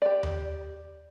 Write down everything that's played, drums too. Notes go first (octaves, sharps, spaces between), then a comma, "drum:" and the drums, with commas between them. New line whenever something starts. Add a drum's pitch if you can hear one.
G4 D5
drum: tom D#2